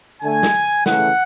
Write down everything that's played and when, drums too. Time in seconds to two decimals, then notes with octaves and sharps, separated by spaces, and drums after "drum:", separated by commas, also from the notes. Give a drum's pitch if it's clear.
0.22 D3 A3 G#5
0.43 drum: snare
0.86 C#3 E3 A3 F#5, drum: snare